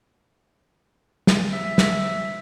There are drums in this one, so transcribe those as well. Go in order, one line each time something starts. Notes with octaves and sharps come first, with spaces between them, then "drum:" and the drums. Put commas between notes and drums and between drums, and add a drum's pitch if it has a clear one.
drum: snare
E5
drum: snare